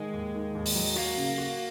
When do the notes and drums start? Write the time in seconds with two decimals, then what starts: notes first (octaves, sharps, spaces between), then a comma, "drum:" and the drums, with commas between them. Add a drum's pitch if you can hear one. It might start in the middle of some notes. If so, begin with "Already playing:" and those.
Already playing: D#3 G#3
0.13 D#2
0.35 D#3
0.55 D#2
0.66 drum: open hi-hat
0.75 F#3
0.96 A#3 F#4
1.17 C#3
1.38 F#4